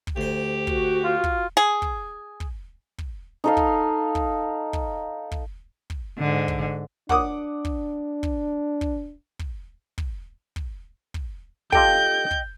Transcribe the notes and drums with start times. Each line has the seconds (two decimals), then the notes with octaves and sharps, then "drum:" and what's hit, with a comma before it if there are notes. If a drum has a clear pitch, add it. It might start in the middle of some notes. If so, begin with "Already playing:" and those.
0.07 drum: kick
0.16 D2 G4 C5
0.67 F#4, drum: kick
1.04 F4
1.24 drum: kick
1.57 G#4
1.82 drum: kick
2.40 drum: kick
2.98 drum: kick
3.44 D#4 A4 F5
3.57 drum: kick
4.15 drum: kick
4.73 drum: kick
5.31 drum: kick
5.90 drum: kick
6.19 G#2 D3
6.48 drum: kick
7.09 D4 F#5 D6 D#6, drum: kick
7.65 drum: kick
8.23 drum: kick
8.81 drum: kick
9.39 drum: kick
9.98 drum: kick
10.56 drum: kick
11.14 drum: kick
11.72 F4 G4 A4 D#5 G5 G6, drum: kick
12.31 drum: kick